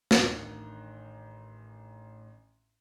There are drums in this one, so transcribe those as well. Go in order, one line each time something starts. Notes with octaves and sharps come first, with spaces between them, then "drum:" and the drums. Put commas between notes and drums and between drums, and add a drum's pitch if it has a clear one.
A1 D#3 D4 G5 A#5 F#6, drum: snare